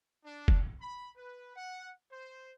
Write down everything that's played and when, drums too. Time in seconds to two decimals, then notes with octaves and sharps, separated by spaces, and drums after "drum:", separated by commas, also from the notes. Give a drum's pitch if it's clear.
0.23 D4
0.48 drum: kick
0.79 B5
1.16 B4
1.55 F#5
2.11 C5